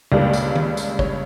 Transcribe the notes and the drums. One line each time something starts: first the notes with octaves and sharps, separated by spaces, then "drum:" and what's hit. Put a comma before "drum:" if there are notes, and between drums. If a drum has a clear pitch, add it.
C#2 C#3 G3 A#3 D4 D5
drum: tambourine
drum: tom
drum: tambourine
C#5, drum: kick